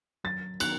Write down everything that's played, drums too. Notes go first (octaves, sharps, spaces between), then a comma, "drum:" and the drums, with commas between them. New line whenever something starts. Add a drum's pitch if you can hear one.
F#3 A6
B3 D#4 F#4 F#6, drum: cymbal